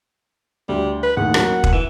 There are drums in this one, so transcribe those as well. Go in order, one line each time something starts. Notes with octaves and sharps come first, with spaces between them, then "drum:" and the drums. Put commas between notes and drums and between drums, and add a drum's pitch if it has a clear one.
D2 G3
B4
D#2 A2 G#4 F#5
F#3 A#3 C#4, drum: rim click
drum: kick
E3 E7